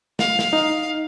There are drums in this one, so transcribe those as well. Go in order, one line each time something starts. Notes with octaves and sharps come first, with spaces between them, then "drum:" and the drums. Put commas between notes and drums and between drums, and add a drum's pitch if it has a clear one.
F5, drum: snare
drum: snare
D#4